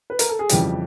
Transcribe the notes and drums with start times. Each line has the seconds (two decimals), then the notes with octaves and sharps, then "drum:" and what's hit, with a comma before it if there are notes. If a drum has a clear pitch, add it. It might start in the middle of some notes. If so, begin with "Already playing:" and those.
0.10 B4
0.19 A#4, drum: hi-hat
0.29 A4
0.39 G#4
0.49 F2 C#3 E3 G3 G4, drum: hi-hat